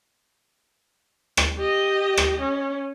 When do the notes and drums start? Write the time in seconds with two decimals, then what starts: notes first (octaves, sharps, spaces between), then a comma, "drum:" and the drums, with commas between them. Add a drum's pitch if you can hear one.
1.37 drum: rim click
1.57 G4 D#5
2.17 drum: rim click
2.40 C#4